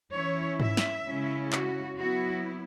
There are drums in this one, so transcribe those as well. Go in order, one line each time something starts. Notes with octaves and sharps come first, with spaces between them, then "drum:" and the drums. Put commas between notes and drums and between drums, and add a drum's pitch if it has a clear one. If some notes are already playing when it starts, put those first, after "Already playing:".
E3 C#4 E4 C#5
E5, drum: tom G#2
drum: snare
C#3 G#3 C#4 E4
F#4, drum: clap
F#3 B3 E4 F#4